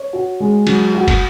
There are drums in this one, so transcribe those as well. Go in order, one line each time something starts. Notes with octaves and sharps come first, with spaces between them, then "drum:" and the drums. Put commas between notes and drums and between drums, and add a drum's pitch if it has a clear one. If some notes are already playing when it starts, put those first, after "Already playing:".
Already playing: C#5
F#4
G#3
F#3, drum: cymbal
F#4
drum: kick, cymbal